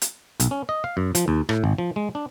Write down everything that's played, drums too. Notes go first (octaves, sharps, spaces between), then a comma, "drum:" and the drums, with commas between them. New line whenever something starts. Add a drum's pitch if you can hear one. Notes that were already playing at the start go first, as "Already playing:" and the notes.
drum: hi-hat
B1, drum: hi-hat
C#4
D#5
F5
F#2
F3, drum: hi-hat
D#2
A2, drum: rim click
G#1
F3
G#3
D4